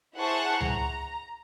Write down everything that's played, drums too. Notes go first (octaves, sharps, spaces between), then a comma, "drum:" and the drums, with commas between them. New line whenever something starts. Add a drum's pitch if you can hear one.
E4 G#4 C5 F#5 A5 C#6
A#5, drum: tom C#2